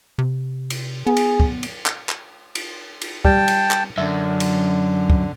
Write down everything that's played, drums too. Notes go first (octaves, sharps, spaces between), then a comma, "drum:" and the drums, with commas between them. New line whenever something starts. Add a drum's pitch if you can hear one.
C3
drum: cymbal
B3 G#4
drum: cymbal
drum: kick
drum: cymbal
drum: clap
drum: clap
drum: cymbal
drum: cymbal
G3 G5 A5, drum: kick
drum: cymbal
drum: clap
F#2 D3 E5
drum: cymbal
drum: kick